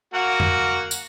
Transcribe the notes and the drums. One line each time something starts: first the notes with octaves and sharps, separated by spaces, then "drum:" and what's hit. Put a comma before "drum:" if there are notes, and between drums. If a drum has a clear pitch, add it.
A#3 F#4 F#5
drum: tom F2
drum: tambourine